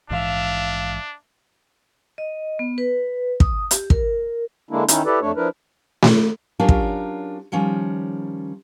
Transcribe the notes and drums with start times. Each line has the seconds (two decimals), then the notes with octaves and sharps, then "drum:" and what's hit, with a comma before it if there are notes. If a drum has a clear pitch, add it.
0.10 A#1 G#2 E3 D4 E5 F5
2.18 D#5
2.59 B3
2.78 B4
3.40 D#6, drum: kick
3.71 G4, drum: hi-hat
3.90 A#4, drum: kick
4.71 D3 G#3 A#3 D4 E4
4.88 D#3 C#4 D#4 E4, drum: hi-hat
5.06 E4 G4 A4 B4 D5
5.22 F2 A3 D4 C#5
5.36 F3 D4 E4 A#4 B4
6.02 drum: snare A3
6.59 F#3 C#4 D4 F4 G4 A#4
6.69 drum: kick
7.52 D#3 F3 G3 C#4